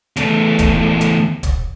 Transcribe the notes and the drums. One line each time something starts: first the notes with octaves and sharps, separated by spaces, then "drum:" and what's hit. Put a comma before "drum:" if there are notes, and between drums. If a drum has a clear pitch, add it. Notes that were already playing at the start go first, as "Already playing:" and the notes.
E2 A3, drum: hi-hat
drum: kick, hi-hat
drum: hi-hat
drum: kick, hi-hat